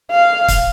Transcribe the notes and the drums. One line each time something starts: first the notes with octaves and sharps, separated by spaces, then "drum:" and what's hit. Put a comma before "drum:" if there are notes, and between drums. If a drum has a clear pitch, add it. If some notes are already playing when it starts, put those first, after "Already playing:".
F5
drum: kick, hi-hat